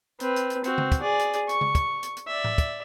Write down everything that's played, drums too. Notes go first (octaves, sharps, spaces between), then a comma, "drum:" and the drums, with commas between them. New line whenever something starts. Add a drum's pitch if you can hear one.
C4 B4, drum: hi-hat
drum: hi-hat
drum: hi-hat
C4 F#4, drum: hi-hat
drum: tom C#3
drum: kick, hi-hat
G#4 D5
drum: hi-hat
drum: hi-hat
C#6, drum: hi-hat
drum: tom C#3
drum: kick, hi-hat
drum: hi-hat
drum: hi-hat
D5 E5
drum: tom A2
drum: kick, hi-hat